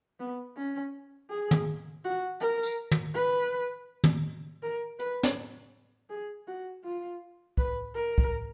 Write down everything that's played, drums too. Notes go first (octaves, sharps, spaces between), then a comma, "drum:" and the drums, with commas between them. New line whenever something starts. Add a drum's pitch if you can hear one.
B3
C#4
G#4
drum: tom
F#4
A#4
drum: tambourine
drum: tom
B4
drum: tom
A#4
B4, drum: hi-hat
drum: snare
G#4
F#4
F4
B4, drum: kick
A#4
drum: kick